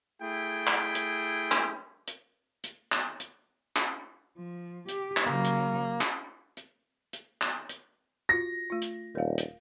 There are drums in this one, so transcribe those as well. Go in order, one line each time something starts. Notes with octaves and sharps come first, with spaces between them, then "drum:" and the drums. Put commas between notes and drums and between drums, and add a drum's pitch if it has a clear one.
A3 E4 G#4 G5
drum: clap
drum: hi-hat
drum: clap
drum: hi-hat
drum: hi-hat
drum: clap
drum: hi-hat
drum: clap
F3
G4, drum: hi-hat
drum: clap
C#3 F#3 A#3
drum: hi-hat
drum: clap
drum: hi-hat
drum: hi-hat
drum: clap
drum: hi-hat
F4 F#4 A#6
A3 F4
drum: hi-hat
D#1 A#4 F5
drum: hi-hat